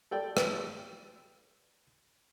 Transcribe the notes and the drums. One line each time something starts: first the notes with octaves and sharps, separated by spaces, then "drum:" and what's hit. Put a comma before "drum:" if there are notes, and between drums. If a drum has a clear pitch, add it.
A4 D5 G5
drum: rim click